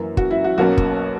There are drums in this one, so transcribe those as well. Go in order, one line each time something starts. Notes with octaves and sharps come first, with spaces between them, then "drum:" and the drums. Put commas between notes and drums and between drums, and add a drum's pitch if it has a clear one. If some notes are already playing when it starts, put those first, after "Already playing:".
Already playing: F#2 E3 A#3
F#4, drum: kick
E4
F#4
B1 B2 A#3 C#4 F#4
drum: kick